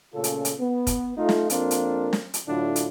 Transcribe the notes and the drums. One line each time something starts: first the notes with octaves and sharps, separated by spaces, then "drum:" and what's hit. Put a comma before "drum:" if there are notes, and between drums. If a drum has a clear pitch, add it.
A#2 C#3 A3 C#4 F4 A4
drum: hi-hat
drum: hi-hat
B3
drum: kick, hi-hat
A3 D#4 F4
drum: snare
F2 A#3 C4 D4 F4 A#4, drum: hi-hat
drum: hi-hat
drum: snare
drum: hi-hat
A2 D3 F#3 D4 E4 F4
drum: hi-hat